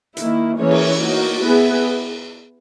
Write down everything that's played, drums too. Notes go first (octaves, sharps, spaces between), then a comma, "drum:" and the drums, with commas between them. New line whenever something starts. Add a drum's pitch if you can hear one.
D#3 A#3 E4, drum: hi-hat
E3 A#3 C#4 G#4 C#5
drum: cymbal
A#3 D#4 F#4
B3 E4 G#4 B4